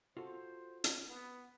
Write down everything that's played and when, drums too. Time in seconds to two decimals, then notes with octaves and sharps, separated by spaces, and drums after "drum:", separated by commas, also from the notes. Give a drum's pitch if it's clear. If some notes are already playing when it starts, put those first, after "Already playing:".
0.17 F4 F#4 A4 C5
0.84 drum: hi-hat
1.08 B3